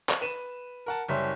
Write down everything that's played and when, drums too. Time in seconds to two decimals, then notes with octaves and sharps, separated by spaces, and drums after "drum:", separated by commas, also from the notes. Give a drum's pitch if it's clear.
0.09 drum: clap
0.21 B4 D#7 E7
0.86 A#4 F#5 A5
1.08 F#1 G3 C#5 E5 C6